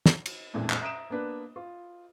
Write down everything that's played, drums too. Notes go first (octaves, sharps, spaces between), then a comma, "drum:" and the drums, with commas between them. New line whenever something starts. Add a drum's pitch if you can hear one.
drum: snare
drum: cymbal
F2 A#2 E3 G#3 A3 D4
drum: clap
E5 A#5 D#6 D7 E7
A#3 B3 D4 B4
F4